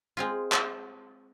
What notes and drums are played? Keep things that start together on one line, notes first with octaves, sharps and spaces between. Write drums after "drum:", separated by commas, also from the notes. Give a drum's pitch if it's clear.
G#3 C4 F4
drum: clap